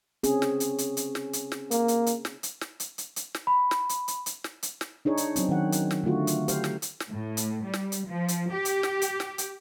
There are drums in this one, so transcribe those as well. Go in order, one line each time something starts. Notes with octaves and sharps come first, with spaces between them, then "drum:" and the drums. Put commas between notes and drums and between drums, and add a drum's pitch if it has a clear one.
C4 C#4 G#4, drum: hi-hat
drum: snare
drum: hi-hat
drum: hi-hat
drum: hi-hat
drum: snare
drum: hi-hat
drum: snare
A#3, drum: hi-hat
drum: hi-hat
drum: hi-hat
drum: snare
drum: hi-hat
drum: snare
drum: hi-hat
drum: hi-hat
drum: hi-hat
drum: snare
B5
drum: snare
drum: hi-hat
drum: hi-hat
drum: hi-hat
drum: snare
drum: hi-hat
drum: snare
D4 D#4 G#4 C#5
drum: hi-hat
F#3 C4 C#4, drum: hi-hat
D#3 F#3 F#5
drum: hi-hat
drum: snare
D3 A3 F4 F#4
drum: hi-hat
G4 C5 F5, drum: hi-hat
drum: snare
drum: hi-hat
drum: snare
A2
drum: hi-hat
G3
drum: snare
drum: hi-hat
F3
drum: hi-hat
G4
drum: hi-hat
drum: snare
drum: hi-hat
drum: snare
drum: hi-hat